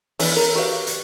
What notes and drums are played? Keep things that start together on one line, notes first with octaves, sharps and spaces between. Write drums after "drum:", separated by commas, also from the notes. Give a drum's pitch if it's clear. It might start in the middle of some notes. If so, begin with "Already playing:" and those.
E3 B3 D4, drum: open hi-hat
A4 A#4
F#4 G4 B4 F5
drum: hi-hat